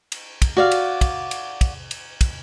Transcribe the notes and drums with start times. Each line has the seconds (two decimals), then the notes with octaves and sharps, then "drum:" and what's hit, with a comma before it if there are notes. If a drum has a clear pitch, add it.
0.12 drum: cymbal
0.42 drum: kick, cymbal
0.57 F#4 D5 F5
0.71 drum: cymbal
1.01 drum: kick, cymbal
1.31 drum: cymbal
1.61 drum: kick, cymbal
1.91 drum: cymbal
2.21 drum: kick, cymbal